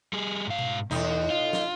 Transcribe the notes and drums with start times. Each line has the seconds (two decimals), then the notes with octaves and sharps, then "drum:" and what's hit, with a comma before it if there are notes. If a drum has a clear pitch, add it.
0.13 G3 G#4
0.47 G#2 F5
0.59 drum: tom B2
0.91 E2 A2 D#4, drum: tom B2
1.30 F4
1.53 drum: snare